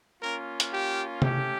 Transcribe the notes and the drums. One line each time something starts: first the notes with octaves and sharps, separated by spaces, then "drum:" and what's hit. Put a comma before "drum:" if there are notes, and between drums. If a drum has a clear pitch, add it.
A#3 C#4 F4 A#4
drum: hi-hat
G4
A3 C#4 G4, drum: tom C3